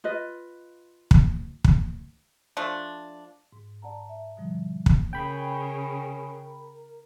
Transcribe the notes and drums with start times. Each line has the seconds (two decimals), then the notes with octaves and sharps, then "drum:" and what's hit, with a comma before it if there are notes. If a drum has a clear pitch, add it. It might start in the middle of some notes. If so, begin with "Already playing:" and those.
0.04 F4 B4 D#5
1.11 drum: kick
1.64 drum: kick
2.57 F3 A3 D4
3.53 G#2
3.82 D5 F#5 A5 A#5
4.09 E5
4.37 B2 D3 F3 G3
4.86 drum: kick
5.13 C#3 C#4 A#4 G5 B5